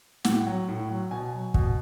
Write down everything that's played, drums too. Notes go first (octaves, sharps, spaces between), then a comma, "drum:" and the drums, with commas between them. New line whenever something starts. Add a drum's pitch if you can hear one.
A2 F#5, drum: snare
F#3
A2
F#3
B2 G#5
F#3
B2, drum: kick